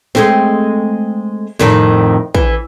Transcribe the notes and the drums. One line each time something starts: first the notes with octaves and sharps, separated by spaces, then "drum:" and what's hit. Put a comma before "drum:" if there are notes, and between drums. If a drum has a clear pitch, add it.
G#3 A3 C4, drum: snare
F2 A2 D#3, drum: snare
E3, drum: kick